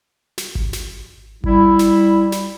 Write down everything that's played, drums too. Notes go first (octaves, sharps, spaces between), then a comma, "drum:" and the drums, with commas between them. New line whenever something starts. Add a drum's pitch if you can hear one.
drum: snare
drum: kick G#1
drum: snare
G3 E4, drum: kick G#1
drum: snare
drum: snare